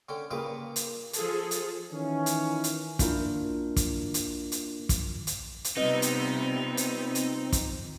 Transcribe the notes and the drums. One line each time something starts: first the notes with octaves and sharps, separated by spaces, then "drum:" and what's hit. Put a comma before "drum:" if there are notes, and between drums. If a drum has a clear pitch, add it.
D3 C#4 G5
A#2 C#3 G3 F4 B4 D6
drum: hi-hat
F3 G#4 A4, drum: hi-hat
drum: hi-hat
D#3 E3 C#4
drum: hi-hat
drum: hi-hat
A#3 D4 E4 F4 A#4, drum: kick, hi-hat
drum: kick, hi-hat
drum: hi-hat
drum: hi-hat
drum: kick, hi-hat
drum: hi-hat
drum: hi-hat
C3 G3 B3 C4 D#4 F4 B4 D#5
drum: hi-hat
drum: hi-hat
drum: hi-hat
drum: kick, hi-hat